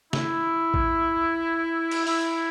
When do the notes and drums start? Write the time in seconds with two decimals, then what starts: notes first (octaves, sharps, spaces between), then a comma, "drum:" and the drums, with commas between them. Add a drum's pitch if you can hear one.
0.13 E4, drum: snare
0.74 drum: kick
1.91 drum: cymbal
2.07 E4, drum: open hi-hat